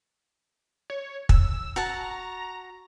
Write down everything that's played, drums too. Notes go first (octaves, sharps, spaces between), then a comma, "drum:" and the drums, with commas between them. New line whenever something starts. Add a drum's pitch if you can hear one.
C#5
E6, drum: kick
F#4 A5 A#5